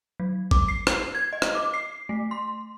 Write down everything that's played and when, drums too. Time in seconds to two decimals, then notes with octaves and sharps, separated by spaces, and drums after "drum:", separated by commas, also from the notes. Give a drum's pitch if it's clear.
0.20 F#3
0.51 D6, drum: kick G#1
0.68 C7
0.87 drum: rim click
1.15 G#6
1.33 D#5
1.42 drum: rim click
1.55 D6
1.74 C7
2.09 A3
2.31 C6